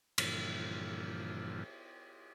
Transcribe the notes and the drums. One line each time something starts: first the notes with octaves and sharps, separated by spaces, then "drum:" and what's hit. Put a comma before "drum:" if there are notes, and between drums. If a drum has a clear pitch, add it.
G2 A#2 D3 E3 F3, drum: cymbal